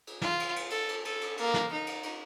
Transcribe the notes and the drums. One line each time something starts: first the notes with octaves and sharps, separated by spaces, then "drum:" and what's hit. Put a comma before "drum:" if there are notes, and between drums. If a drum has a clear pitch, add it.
drum: cymbal
F4, drum: snare
drum: cymbal
drum: cymbal
A4, drum: cymbal
drum: cymbal
A4, drum: cymbal
drum: cymbal
A#3, drum: cymbal
drum: snare
D#4
drum: cymbal
drum: cymbal